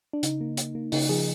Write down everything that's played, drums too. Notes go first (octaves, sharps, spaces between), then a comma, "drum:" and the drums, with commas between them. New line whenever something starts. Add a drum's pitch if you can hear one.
D4
C#3 D#4, drum: hi-hat
A#3
A#3, drum: hi-hat
A#3
C#3 D#4, drum: open hi-hat
F3 G#4